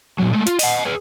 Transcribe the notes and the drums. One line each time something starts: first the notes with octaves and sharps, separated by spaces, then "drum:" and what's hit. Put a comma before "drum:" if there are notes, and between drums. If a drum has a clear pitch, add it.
A#2 F#3
G#3 A3
F4, drum: hi-hat
D#5 F#5, drum: open hi-hat
G#4 B4